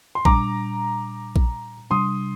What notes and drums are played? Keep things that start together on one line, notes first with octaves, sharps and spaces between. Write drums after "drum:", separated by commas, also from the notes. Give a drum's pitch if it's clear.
C6
A#2 G3 D4 A#5 D6, drum: kick A#1
drum: kick A#1
C3 G3 D4 C6 D#6